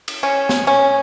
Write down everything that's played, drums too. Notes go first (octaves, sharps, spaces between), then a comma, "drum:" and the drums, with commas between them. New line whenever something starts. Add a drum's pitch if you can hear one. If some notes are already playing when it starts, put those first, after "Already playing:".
drum: cymbal
C#4
drum: snare
C#4